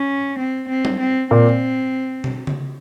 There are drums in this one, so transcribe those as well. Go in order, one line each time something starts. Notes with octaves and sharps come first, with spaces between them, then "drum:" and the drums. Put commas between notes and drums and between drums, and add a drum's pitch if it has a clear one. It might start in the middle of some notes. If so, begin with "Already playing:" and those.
Already playing: C#4
C4
C4
drum: tom G3
C4
A#2 C4
drum: tom B2
drum: tom C#3